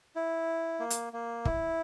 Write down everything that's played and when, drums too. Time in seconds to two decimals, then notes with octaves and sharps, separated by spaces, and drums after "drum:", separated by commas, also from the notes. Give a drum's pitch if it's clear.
0.16 E4
0.80 A#3
0.90 drum: hi-hat
1.13 A#3
1.45 E4, drum: kick